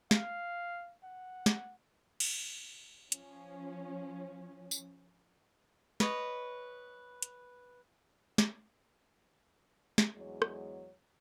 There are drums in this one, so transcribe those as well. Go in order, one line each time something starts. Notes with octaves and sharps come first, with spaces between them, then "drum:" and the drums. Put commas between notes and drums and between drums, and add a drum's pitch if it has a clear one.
F5, drum: snare
F#5
drum: snare
drum: cymbal
F3 C#4, drum: hi-hat
drum: tambourine
B4 C#5 D#5, drum: snare
drum: hi-hat
drum: snare
drum: snare
E2 F#3 G#3 C#5
drum: rim click